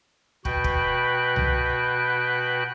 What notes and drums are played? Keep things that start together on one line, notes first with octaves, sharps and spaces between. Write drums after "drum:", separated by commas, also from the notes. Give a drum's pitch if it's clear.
B2 F#4 B4 G5 B5 F#6, drum: kick
drum: kick
drum: tom C2